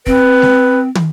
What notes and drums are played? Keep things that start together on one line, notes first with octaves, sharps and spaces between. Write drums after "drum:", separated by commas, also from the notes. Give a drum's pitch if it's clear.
C4 B4, drum: kick
drum: snare G#3
drum: tom